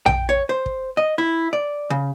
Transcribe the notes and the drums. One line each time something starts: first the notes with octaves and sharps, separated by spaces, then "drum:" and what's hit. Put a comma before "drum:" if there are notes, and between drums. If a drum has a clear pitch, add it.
G5, drum: tom A#1
C#5
C5
drum: kick
D#5
E4
D5
C#3